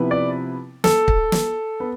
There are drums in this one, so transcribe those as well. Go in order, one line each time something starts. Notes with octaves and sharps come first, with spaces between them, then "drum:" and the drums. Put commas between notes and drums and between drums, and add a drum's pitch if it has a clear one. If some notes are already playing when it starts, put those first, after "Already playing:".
Already playing: C3 F3 B3 E4 B4
D5
A4, drum: snare
drum: kick
drum: snare
B3